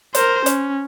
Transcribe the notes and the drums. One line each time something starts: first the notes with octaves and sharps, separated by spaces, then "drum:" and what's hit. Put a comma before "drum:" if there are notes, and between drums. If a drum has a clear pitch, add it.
A#4 C5, drum: hi-hat
C#4, drum: hi-hat